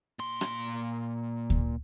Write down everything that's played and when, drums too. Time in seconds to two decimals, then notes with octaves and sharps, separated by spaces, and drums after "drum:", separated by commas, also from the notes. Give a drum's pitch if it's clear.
0.19 A#2 C6
0.41 drum: rim click
1.50 drum: kick D2